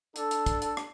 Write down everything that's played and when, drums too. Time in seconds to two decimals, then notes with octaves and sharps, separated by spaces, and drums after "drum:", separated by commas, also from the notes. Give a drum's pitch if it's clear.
0.16 D4 A4, drum: hi-hat
0.31 drum: hi-hat
0.46 drum: kick, hi-hat
0.62 drum: hi-hat
0.77 drum: rim click